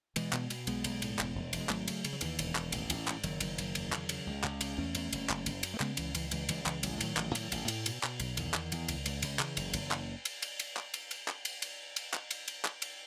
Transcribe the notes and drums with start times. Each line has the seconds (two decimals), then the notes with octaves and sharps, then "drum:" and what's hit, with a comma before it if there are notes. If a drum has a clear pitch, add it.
0.16 B2 E3 G#3, drum: cymbal
0.33 B2, drum: clap
0.50 B2, drum: cymbal
0.67 B1 G#3 B3, drum: cymbal
0.84 B1, drum: cymbal
1.02 A2, drum: cymbal
1.19 E1, drum: clap
1.35 E1
1.53 E1, drum: cymbal
1.60 G#3
1.69 G#1 F#3 A3, drum: clap
1.88 C#3, drum: cymbal
2.05 C#3, drum: cymbal
2.13 F#3
2.21 D#2 E3, drum: cymbal
2.39 E1, drum: cymbal
2.55 D#2, drum: clap
2.72 A1, drum: cymbal
2.90 A1, drum: cymbal
3.07 G#2, drum: clap
3.24 F#1 D#3 F#3, drum: cymbal
3.40 F#1, drum: cymbal
3.58 F#1, drum: cymbal
3.75 E2, drum: cymbal
3.92 C#3, drum: clap
4.09 C#3, drum: cymbal
4.27 C#2
4.44 C#2, drum: clap
4.61 C#3, drum: cymbal
4.78 E2 A3 C#4
4.95 E2, drum: cymbal
5.13 F#1, drum: cymbal
5.29 F#1, drum: clap
5.46 F#1, drum: cymbal
5.63 F#2, drum: cymbal
5.74 A3
5.80 C#3 G#3 B3, drum: clap
5.97 C#2 E3, drum: cymbal
6.15 C#2 E3, drum: cymbal
6.31 C#2 E3, drum: cymbal
6.49 C#2 E3 G#3, drum: cymbal
6.66 C#2 E3 G#3, drum: clap
6.83 A1 F#3, drum: cymbal
6.93 G#3
7.01 A2 D#3 F#3, drum: cymbal
7.17 A1, drum: clap
7.35 A2, drum: cymbal
7.52 A1, drum: cymbal
7.68 A2, drum: cymbal
7.86 B2, drum: cymbal
8.03 B2, drum: clap
8.20 B1, drum: cymbal
8.37 E2 D#3, drum: cymbal
8.54 E2, drum: clap
8.72 E2, drum: cymbal
8.88 C#2, drum: cymbal
9.06 C#2, drum: cymbal
9.22 C#2, drum: cymbal
9.39 C#3 E3, drum: clap
9.57 F#1, drum: cymbal
9.73 F#1, drum: cymbal
9.91 drum: clap
10.25 drum: cymbal
10.42 drum: cymbal
10.60 drum: cymbal
10.77 drum: clap
10.94 drum: cymbal
11.11 drum: cymbal
11.28 drum: clap
11.45 drum: cymbal
11.62 drum: cymbal
11.96 drum: cymbal
12.13 drum: clap
12.31 drum: cymbal
12.48 drum: cymbal
12.65 drum: clap
12.82 drum: cymbal